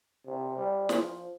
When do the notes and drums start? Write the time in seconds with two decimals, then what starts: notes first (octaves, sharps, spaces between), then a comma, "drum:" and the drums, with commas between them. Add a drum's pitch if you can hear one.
0.26 C3
0.58 G3
0.89 F3, drum: snare